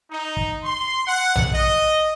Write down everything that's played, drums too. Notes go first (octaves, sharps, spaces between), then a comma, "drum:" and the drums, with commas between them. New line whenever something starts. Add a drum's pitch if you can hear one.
D#4
drum: kick
C6
F#5
drum: tom A#1
D#5